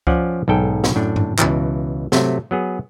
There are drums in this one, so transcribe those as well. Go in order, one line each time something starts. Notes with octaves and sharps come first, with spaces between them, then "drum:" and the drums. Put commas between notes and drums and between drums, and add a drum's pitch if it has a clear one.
F3 C#4 D5 F#5, drum: kick C#2
B1 G#2 A4 G5
drum: snare
F#2 A2 D4
drum: tom G2
C#2 B2 E3, drum: clap
C3 F#3 A3, drum: snare
F#3 B3 G#4